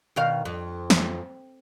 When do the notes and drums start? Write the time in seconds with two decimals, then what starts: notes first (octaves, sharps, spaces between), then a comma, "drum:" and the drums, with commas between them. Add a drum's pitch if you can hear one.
0.16 B2 D#3 F5
0.45 F2
0.90 drum: snare